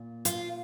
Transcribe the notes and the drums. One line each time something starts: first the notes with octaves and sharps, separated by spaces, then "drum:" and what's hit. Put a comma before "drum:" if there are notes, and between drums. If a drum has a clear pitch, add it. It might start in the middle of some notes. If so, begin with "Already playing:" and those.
Already playing: A#2
F4, drum: hi-hat